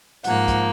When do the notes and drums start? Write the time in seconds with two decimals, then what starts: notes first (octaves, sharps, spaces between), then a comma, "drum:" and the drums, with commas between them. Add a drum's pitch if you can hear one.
0.24 G#2 F3 A#3 F#5, drum: hi-hat
0.48 drum: kick, hi-hat